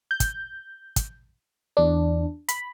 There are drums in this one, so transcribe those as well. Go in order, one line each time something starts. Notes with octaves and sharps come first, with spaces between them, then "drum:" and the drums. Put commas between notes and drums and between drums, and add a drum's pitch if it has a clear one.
G6
drum: kick, hi-hat
drum: kick, hi-hat
E2 D4
B5, drum: hi-hat